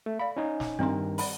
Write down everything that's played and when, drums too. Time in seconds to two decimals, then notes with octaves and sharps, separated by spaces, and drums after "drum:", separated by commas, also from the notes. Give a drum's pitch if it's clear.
0.06 A3
0.19 D5 F5 B5
0.37 C#4 D#4 G#5
0.60 drum: snare
0.79 G2 D#3 C4 A#4 C6
1.18 D5 F#5 B5, drum: open hi-hat